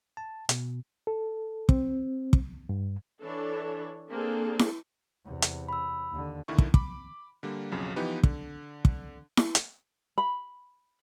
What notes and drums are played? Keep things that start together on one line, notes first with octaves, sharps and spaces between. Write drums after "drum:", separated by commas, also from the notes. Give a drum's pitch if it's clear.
A5
B2, drum: hi-hat
A4
C4, drum: kick
drum: kick
G2
E3 D4 A4 C#5
A#3 C4 D4 G#4 A4
drum: snare E4
E2 C3
drum: hi-hat
B5 E6
D#2 D3
D#2 D3 D#3 E4 C#6
drum: kick
B5 D6, drum: kick
D3 G3 A#3
B1 F2 C#3 F#3
E3 F3 B3 D#4 G4 B4
D3, drum: kick
drum: kick
drum: snare E4
drum: hi-hat
B5